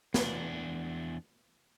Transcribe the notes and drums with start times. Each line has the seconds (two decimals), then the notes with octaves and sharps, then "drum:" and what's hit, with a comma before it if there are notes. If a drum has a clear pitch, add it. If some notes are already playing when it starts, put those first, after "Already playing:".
0.14 E2 D4, drum: snare